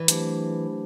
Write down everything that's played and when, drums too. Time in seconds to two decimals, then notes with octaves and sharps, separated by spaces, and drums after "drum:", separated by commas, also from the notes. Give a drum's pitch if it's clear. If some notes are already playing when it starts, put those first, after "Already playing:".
Already playing: E3
0.08 F#3 A3 D4 G4 C5, drum: hi-hat